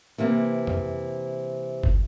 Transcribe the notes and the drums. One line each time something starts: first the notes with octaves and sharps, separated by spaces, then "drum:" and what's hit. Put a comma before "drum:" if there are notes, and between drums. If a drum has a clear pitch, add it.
C3 E3 A#3 C4
drum: tom F2
drum: kick F#1